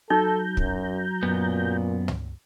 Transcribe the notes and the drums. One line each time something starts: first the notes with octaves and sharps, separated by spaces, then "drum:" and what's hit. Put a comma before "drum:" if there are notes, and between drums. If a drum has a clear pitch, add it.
F#3 D#4 A4 A#5 G6
F#2, drum: kick
F#2 A#2 B3
drum: tom